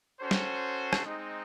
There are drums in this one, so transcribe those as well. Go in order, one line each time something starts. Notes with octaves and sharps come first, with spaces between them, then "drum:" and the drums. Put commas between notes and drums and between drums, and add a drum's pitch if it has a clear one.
C#4 F#4 A4 C5
drum: snare
drum: rim click
G#3 C4 D#4